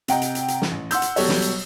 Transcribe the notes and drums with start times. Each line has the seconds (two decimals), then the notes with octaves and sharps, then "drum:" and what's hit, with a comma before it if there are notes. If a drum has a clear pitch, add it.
0.08 C3 D#5 F#5 G5 A#5, drum: hi-hat
0.22 drum: hi-hat
0.35 drum: hi-hat
0.48 drum: hi-hat
0.62 drum: snare
0.71 A1
0.91 F#5 C6 E6 G6, drum: hi-hat
1.02 drum: hi-hat
1.16 B2 F#3 G3 G4 A4 C#5, drum: open hi-hat
1.29 drum: snare
1.42 drum: hi-hat